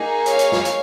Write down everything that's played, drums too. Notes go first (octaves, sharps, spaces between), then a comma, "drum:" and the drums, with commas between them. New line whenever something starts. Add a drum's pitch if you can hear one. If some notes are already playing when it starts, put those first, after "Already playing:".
Already playing: A#3 D#4 G#4
C#5 F5, drum: hi-hat
drum: hi-hat
drum: snare
drum: hi-hat